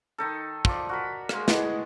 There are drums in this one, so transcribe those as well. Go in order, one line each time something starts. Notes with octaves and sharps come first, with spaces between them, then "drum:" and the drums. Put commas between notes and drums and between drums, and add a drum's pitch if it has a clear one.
D#3 D#4 A4
F3 D5, drum: kick
F#4 A#4 B5
G#3 A#3, drum: rim click
B3 E4 G#4 B4 D#5, drum: snare